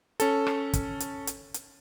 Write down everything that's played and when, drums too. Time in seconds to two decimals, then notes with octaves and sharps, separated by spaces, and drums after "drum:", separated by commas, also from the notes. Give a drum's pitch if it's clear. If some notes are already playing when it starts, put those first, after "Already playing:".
0.20 C#4 A4, drum: hi-hat
0.47 drum: rim click
0.73 drum: kick, hi-hat
1.00 drum: hi-hat
1.27 drum: hi-hat
1.54 drum: hi-hat